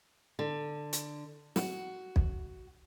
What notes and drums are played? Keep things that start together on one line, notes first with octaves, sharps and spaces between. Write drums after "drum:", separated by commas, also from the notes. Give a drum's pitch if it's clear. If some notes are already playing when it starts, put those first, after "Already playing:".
D3
drum: hi-hat
F#4, drum: snare
drum: kick B1